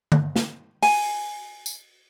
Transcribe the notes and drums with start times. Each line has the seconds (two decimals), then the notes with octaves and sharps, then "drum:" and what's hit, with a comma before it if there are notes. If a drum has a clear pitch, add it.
0.12 drum: tom D3
0.36 drum: snare
0.82 G#5, drum: open hi-hat
1.66 drum: tambourine